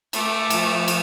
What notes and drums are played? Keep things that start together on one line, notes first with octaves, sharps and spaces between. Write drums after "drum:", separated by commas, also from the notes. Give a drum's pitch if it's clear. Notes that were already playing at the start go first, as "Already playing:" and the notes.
A3 D6, drum: cymbal
F3, drum: cymbal
drum: cymbal